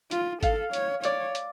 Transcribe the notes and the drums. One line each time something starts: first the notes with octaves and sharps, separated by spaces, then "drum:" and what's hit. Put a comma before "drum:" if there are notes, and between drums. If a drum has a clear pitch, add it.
F4, drum: hi-hat
A4 F5, drum: kick G#1, hi-hat
C#5, drum: hi-hat
C#5 D5, drum: hi-hat
drum: hi-hat